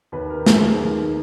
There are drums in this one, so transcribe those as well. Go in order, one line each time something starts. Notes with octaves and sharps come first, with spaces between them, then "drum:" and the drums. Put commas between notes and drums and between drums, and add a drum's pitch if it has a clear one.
D#2 B4
A#4
D#3
G#4, drum: snare
D#2 G#4
D#3